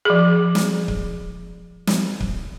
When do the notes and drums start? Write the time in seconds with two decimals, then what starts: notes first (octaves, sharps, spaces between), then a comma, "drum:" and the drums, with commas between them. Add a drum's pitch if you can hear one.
0.05 F3 G#4
0.55 drum: snare
0.88 drum: kick C#1
1.87 drum: snare
2.20 drum: kick C#1